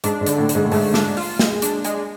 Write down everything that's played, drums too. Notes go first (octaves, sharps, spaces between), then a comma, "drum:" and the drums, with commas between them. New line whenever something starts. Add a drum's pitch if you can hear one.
G#2 D4, drum: hi-hat
G#2
D3, drum: hi-hat
A2
D3, drum: hi-hat
G#2
A2
G#2 A3, drum: open hi-hat
D4, drum: snare
F4, drum: open hi-hat
G#3, drum: snare
D4, drum: hi-hat
G#3, drum: hi-hat